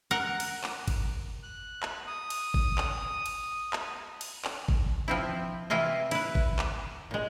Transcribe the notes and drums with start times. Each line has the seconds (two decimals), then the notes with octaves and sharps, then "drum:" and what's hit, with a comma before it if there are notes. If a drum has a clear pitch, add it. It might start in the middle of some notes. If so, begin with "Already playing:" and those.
0.11 A#4 F#5
0.40 drum: cymbal
0.64 drum: clap
0.88 drum: kick G#1, cymbal
1.43 F#6
1.83 drum: clap
2.07 D#6
2.30 drum: cymbal
2.54 drum: kick G#1
2.78 drum: clap
3.26 drum: cymbal
3.73 drum: clap
4.21 drum: cymbal
4.45 drum: clap
4.68 drum: kick G#1
5.08 F3 C4 E4
5.70 C3 E3 E4 F4 D#5
6.11 E4 B4, drum: cymbal
6.35 drum: kick G#1
6.59 drum: clap
7.11 A#2 G#3